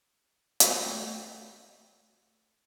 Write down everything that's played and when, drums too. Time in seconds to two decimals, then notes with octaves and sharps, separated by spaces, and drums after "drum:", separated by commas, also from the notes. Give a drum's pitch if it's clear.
0.60 drum: hi-hat
0.83 A3 E5 G5